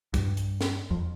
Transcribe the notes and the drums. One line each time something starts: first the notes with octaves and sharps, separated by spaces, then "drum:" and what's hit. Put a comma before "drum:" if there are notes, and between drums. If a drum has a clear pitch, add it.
G2, drum: kick, hi-hat
drum: hi-hat
drum: snare
F2